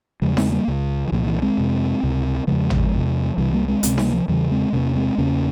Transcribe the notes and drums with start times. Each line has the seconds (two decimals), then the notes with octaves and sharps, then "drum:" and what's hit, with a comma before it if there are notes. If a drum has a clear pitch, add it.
0.22 E2 C#3 F3 G#3
0.37 G#3 C4, drum: snare D#4
0.52 G3 A#3
0.68 C#2 C#3
1.08 E3
1.12 C2 A#2 F3
1.27 E3
1.42 G#3 C4
1.57 F2 C3
2.03 C#2 C3
2.47 E2 C#3 F3 G#3
2.70 drum: tom G#1
2.93 E2 C3
3.38 C2 C3 E3 G3
3.53 G3 A#3
3.68 G#3 C4
3.83 C#2 C3 G#3 C4, drum: hi-hat
3.98 G3 A#3, drum: snare D#4
4.13 F3
4.28 E2 C#3 E3 G3
4.51 G#3 C4
4.73 E2 C3 A#3 C#4
4.96 G#3 C4
5.18 E2 C#3 A#3 C#4